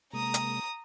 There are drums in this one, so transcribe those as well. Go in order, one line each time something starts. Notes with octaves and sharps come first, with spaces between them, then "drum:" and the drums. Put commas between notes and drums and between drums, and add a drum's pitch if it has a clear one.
C3 G#3 A#3 A#5 D#6
drum: hi-hat